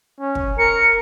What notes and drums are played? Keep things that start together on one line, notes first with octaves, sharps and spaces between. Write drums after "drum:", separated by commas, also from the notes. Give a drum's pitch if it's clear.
C#4
drum: kick
A#4 C#7